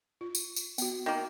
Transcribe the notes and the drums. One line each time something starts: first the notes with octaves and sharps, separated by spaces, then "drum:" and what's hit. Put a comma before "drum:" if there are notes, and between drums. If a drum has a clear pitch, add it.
F4
drum: tambourine
drum: tambourine
B3 F#4, drum: tambourine
D#3 A#3